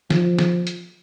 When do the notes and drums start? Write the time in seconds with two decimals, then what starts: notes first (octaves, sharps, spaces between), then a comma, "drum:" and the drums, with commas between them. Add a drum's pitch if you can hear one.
0.10 F3, drum: snare
0.39 drum: snare
0.67 drum: hi-hat